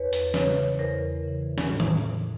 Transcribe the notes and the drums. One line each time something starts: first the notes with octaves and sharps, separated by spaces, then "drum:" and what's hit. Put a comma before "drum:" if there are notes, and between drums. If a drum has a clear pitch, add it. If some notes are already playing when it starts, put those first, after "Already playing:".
Already playing: E2 B4 C#5
drum: hi-hat
C#3 E3 B4 C#5, drum: snare
E2 A#4 C5
C#3 E3
drum: snare
A2
drum: tom D#3
E3